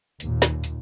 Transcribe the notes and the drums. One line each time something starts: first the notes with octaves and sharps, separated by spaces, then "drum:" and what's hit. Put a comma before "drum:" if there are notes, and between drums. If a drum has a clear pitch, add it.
D#2 A#2, drum: hi-hat
drum: snare
drum: hi-hat